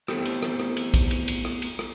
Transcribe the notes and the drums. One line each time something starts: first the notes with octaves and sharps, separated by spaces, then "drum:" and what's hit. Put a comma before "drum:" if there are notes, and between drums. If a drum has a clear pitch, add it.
A3 B3 C4 E4 G4 A4, drum: rim click
drum: cymbal
drum: rim click
drum: rim click
drum: cymbal
drum: kick, cymbal
drum: cymbal
drum: cymbal
drum: rim click
drum: cymbal
drum: rim click